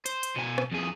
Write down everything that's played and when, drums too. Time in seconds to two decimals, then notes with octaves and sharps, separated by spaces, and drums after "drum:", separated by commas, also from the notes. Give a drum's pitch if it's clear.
0.06 C5, drum: hi-hat
0.23 drum: hi-hat
0.36 B2 G#5
0.58 drum: rim click
0.72 F2 G#4